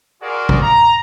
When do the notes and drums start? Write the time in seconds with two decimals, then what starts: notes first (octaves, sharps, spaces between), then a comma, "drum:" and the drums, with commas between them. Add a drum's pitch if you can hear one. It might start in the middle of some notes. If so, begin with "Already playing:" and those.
0.21 F4 F#4 G#4 A#4 D5
0.49 drum: kick G#1
0.61 A#5